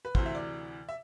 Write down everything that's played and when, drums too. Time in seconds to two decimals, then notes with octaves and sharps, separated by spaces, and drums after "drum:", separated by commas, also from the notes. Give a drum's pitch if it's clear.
0.05 B4
0.15 D2 C3 E3 C5, drum: kick
0.26 E5
0.35 D5
0.89 E5